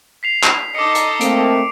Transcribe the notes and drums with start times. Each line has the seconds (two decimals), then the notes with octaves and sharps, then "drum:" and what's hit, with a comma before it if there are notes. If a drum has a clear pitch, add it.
0.23 B6 C7 F7
0.44 drum: clap
0.75 D#4 A4 D#5 D6 C#7
0.95 drum: hi-hat
1.21 A3 A#3 C4 D7, drum: hi-hat